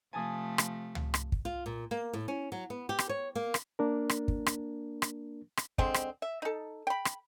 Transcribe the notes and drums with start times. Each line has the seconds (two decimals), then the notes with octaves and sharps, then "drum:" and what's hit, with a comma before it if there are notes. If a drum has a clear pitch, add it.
0.13 C3 F3 A3 G#5 A5 D#6
0.58 drum: rim click
0.95 drum: tom
1.14 drum: rim click
1.32 drum: kick
1.45 F4
1.66 A#2
1.91 A#3
2.13 A2
2.28 C#4
2.52 F#3
2.70 B3
2.89 G4
2.99 drum: rim click
3.09 C#5
3.35 A#3
3.54 drum: rim click
3.79 A#3 D4 A#4
4.09 drum: rim click
4.28 drum: kick
4.46 drum: rim click
5.02 drum: rim click
5.57 drum: rim click
5.78 D3 G#3 C4, drum: kick
5.94 drum: rim click
6.22 E5
6.42 D#4 A4
6.87 G5 B5
7.05 drum: rim click